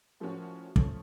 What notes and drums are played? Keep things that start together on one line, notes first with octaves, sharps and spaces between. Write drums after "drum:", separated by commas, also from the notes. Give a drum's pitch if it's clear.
A2 F3 A#3 C#4 F#4
F3 A3 C#4, drum: kick